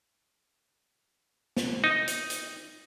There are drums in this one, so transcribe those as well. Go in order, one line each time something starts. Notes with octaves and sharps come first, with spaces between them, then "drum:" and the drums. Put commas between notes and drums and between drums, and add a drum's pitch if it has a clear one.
drum: snare
D#4
drum: hi-hat
drum: hi-hat